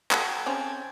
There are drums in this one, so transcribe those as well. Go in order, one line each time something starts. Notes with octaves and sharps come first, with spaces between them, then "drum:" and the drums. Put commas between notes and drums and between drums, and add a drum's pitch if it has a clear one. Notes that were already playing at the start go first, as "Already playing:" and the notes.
F#4 A4 G5 A5 G#6, drum: clap
C#3 C4 C#4